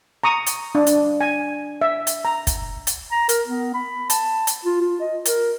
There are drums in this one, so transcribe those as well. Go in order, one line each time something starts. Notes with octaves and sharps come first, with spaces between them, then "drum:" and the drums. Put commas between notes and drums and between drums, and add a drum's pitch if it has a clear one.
A#5 C#6 D#6
drum: hi-hat
D4
drum: hi-hat
G#5
E5
drum: hi-hat
A#5
drum: kick, hi-hat
drum: hi-hat
A#5
A#4, drum: hi-hat
B3
B5
A5, drum: hi-hat
drum: hi-hat
F4
F4
D#5
A#4, drum: hi-hat